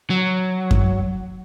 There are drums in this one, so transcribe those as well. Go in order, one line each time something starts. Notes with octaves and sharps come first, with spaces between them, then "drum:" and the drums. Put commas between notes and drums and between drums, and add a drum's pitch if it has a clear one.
F#3
drum: kick F#2